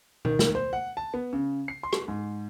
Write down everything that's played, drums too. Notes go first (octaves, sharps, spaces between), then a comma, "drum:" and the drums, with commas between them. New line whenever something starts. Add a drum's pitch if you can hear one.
D#3, drum: tom B2
drum: snare
C5
F#5
A5
B3
C#3
C7
C6
drum: rim click
G#2